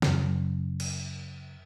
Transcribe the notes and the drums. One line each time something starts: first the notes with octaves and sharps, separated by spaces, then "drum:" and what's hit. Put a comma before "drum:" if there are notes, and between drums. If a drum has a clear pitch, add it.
F#2 C#3, drum: snare
drum: cymbal